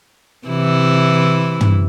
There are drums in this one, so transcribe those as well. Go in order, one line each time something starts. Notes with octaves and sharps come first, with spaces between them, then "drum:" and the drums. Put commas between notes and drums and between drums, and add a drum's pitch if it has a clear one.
C3 E3 E4
drum: tom